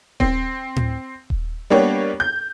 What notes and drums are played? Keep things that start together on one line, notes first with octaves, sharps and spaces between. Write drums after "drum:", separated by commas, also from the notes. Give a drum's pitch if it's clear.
C4, drum: kick D#1
drum: tom A2
drum: kick D#1
G3 A#3 B3 D4 G4 C#5
G6